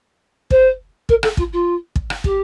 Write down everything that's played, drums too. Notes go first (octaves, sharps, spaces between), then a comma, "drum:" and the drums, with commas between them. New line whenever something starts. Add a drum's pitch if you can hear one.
C5, drum: kick
A#4, drum: kick
A4, drum: rim click
F4, drum: kick
F4
drum: kick
drum: rim click
G4, drum: kick